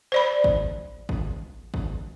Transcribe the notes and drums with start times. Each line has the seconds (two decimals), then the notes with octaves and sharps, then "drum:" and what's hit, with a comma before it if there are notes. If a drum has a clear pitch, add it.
0.12 C5 D5 B5
0.44 drum: kick G#1
1.09 drum: kick G#1
1.74 drum: kick G#1